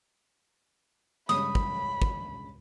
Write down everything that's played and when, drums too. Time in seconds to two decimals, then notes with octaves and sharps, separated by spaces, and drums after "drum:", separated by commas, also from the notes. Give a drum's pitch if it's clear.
1.29 G2 C#3 G#3 B5 D#6, drum: snare
1.55 drum: kick
2.02 drum: kick